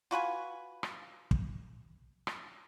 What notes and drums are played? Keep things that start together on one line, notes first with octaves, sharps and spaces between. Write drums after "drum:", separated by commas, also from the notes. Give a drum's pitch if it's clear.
F4 F#4 B4 G#5
drum: rim click
drum: kick
drum: rim click